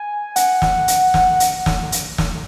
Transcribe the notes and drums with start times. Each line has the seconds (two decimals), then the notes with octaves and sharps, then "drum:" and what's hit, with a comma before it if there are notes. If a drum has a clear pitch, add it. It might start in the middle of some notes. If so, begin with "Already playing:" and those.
Already playing: G#5
0.36 F#5, drum: hi-hat
0.62 drum: snare
0.88 drum: hi-hat
1.14 drum: snare
1.40 drum: hi-hat
1.66 drum: snare
1.92 drum: hi-hat
2.18 drum: snare